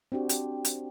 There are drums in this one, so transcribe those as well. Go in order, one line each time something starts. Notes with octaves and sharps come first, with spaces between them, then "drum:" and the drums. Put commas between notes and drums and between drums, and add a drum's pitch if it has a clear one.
C4 D4 F#4 G4
drum: hi-hat
drum: hi-hat